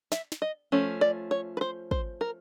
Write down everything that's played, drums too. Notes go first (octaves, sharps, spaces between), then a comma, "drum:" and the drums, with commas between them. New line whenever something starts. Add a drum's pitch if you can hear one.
E5, drum: snare
drum: snare
D#5
F3 A3 C#4
D5
C#5
B4
C5
C5, drum: kick
A#4